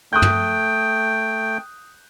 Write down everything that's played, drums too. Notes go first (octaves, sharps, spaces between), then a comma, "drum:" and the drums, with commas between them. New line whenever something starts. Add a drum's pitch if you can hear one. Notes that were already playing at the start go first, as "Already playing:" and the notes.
A3 G5 D#6 F#6 G6
drum: tom